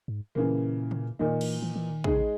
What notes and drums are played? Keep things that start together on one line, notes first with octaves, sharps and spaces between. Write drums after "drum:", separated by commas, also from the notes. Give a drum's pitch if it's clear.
G#2
A#2 C#3 E3 A#3
drum: tom C3
A#2 D#3 A#3 D#4
E3, drum: cymbal
E3
E3
D#3
C#3 G#3 D#4 G#4, drum: kick